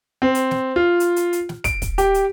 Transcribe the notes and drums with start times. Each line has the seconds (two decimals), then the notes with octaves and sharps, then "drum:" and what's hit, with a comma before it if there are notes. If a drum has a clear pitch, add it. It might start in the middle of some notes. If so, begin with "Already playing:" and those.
0.22 C4
0.35 drum: hi-hat
0.51 drum: snare
0.76 F4
1.00 drum: hi-hat
1.16 drum: hi-hat
1.33 drum: hi-hat
1.49 drum: snare
1.64 D7, drum: kick, hi-hat
1.82 drum: kick, hi-hat
1.98 G4, drum: hi-hat
2.14 drum: hi-hat